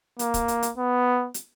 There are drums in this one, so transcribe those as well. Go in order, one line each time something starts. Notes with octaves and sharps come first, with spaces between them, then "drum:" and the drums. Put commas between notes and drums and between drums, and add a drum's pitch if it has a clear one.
A#3, drum: hi-hat
drum: kick, hi-hat
drum: hi-hat
drum: hi-hat
B3
drum: hi-hat